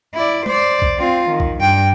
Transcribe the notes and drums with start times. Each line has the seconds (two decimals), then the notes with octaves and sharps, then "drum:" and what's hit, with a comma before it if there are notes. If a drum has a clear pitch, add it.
0.14 E4 D5
0.46 C5 D5, drum: tom G#3
0.82 drum: kick
0.98 C4 F4
1.29 D#3
1.40 drum: kick
1.59 G2 G5